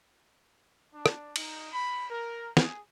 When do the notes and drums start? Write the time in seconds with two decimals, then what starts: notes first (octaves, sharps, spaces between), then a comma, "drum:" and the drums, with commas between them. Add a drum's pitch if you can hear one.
0.93 D4
1.06 drum: rim click
1.36 D#4, drum: cymbal
1.73 B5
2.08 A#4
2.57 G#4, drum: snare